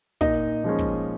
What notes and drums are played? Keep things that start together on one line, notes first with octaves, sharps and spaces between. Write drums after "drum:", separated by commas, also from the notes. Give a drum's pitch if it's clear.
A#2 D#4 D#5, drum: kick
F3 G#3 C#4
drum: kick